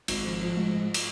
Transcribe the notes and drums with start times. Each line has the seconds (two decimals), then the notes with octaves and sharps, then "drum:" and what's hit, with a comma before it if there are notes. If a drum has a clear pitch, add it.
0.08 G#1, drum: cymbal
0.25 F3
0.42 F3
0.57 G#2
0.74 G#2
0.94 drum: cymbal